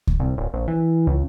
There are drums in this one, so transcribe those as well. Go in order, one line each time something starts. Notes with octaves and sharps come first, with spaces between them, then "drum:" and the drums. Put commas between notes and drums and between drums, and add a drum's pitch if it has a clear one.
drum: kick C#2
C2
D1
A#1
E3
C#2